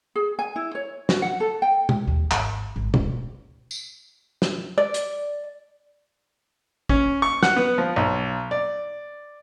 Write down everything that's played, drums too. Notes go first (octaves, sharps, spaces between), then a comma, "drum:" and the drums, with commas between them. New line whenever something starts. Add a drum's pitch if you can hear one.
G#4
G#5
E4
C#5
F#4, drum: snare
F#5
A4
G5
drum: tom
D#2
G#1, drum: clap
G#1
D1, drum: tom
drum: tambourine
drum: snare
D5
drum: hi-hat
C#4, drum: kick
C#6
F#5, drum: snare
B3
F3
B1
D5